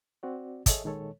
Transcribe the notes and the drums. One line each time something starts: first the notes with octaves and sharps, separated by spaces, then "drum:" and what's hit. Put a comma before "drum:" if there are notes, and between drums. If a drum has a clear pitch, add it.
C4 F#4 D5
G#4 A4 C#5 D#5 E5 A5, drum: kick, hi-hat
A#2 D#3 G#3 A4 C#5